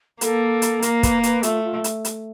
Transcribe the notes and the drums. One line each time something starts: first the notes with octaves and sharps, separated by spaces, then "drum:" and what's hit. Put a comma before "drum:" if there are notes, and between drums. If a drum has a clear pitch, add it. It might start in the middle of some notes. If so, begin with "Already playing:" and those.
A#3 A4, drum: hi-hat
drum: hi-hat
A#3 A#4, drum: hi-hat
B4, drum: kick, hi-hat
B4, drum: hi-hat
A3 F4, drum: hi-hat
F4
drum: hi-hat
drum: hi-hat